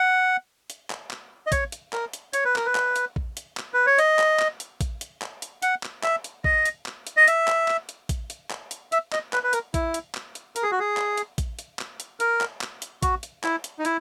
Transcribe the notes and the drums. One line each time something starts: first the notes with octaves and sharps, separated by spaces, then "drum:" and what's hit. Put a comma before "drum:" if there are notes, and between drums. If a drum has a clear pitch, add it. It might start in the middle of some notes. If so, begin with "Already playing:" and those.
Already playing: F#5
drum: hi-hat
drum: clap
drum: clap
D#5
C#5, drum: kick A1, hi-hat
drum: hi-hat
A#4, drum: clap
drum: hi-hat
C#5, drum: hi-hat
B4
A#4, drum: clap
B4
drum: clap
drum: hi-hat
drum: kick A1
drum: hi-hat
drum: clap
B4
C#5
D#5, drum: hi-hat
drum: clap
drum: clap
drum: hi-hat
drum: kick A1, hi-hat
drum: hi-hat
drum: clap
drum: hi-hat
F#5, drum: hi-hat
drum: clap
E5, drum: clap
drum: hi-hat
D#5, drum: kick A1
drum: hi-hat
drum: clap
drum: hi-hat
D#5
E5, drum: hi-hat
drum: clap
drum: clap
drum: hi-hat
drum: kick A1, hi-hat
drum: hi-hat
drum: clap
drum: hi-hat
E5, drum: hi-hat
D#5, drum: clap
B4, drum: clap
B4
A#4, drum: hi-hat
E4, drum: kick A1, hi-hat
drum: hi-hat
drum: clap
drum: hi-hat
A#4, drum: hi-hat
G#4
F#4
G#4
drum: clap
drum: hi-hat
drum: kick A1, hi-hat
drum: hi-hat
drum: clap
drum: hi-hat
A#4, drum: hi-hat
drum: clap
drum: clap
drum: hi-hat
F#4, drum: kick A1, hi-hat
drum: hi-hat
E4, drum: clap
drum: hi-hat
D#4
E4, drum: hi-hat